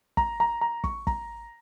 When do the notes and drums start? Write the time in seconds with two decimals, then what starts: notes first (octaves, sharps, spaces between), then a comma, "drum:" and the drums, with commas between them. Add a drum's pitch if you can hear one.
0.17 A#5, drum: kick
0.40 A#5
0.61 A#5
0.84 C#6, drum: kick
1.07 A#5, drum: kick